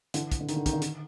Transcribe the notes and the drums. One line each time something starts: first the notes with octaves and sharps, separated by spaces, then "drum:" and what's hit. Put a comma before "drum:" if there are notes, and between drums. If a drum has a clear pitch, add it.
D3 E3, drum: hi-hat
drum: kick, hi-hat
D3
D#3, drum: hi-hat
D3
D#3, drum: kick, hi-hat
D3
D#3, drum: hi-hat